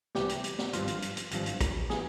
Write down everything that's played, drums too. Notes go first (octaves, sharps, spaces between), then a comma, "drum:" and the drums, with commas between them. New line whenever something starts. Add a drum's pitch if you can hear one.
C2 C3 E3 G4, drum: snare
drum: hi-hat
drum: hi-hat
drum: snare
G#1 G2 F3 F4, drum: hi-hat
drum: hi-hat
drum: hi-hat
drum: hi-hat
G#1 G2 F3, drum: hi-hat
drum: hi-hat
drum: kick, hi-hat
E3 G#4, drum: snare